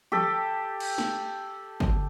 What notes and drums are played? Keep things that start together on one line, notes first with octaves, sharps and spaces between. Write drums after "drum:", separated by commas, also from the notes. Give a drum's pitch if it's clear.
G4 A4, drum: tom
drum: cymbal
drum: snare
drum: kick G1